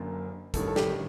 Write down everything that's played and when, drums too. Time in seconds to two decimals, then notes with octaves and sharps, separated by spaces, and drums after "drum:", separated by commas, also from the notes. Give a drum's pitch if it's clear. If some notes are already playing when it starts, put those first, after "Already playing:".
Already playing: F#1 F#2 D3 A#3
0.54 A1 G2 D#3 A4, drum: kick, hi-hat
0.68 A4
0.76 G4, drum: snare